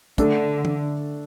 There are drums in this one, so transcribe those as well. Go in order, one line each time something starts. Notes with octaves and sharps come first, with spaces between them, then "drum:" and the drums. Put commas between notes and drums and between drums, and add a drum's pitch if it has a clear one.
D3 A3 D4 A4, drum: kick, hi-hat
drum: tom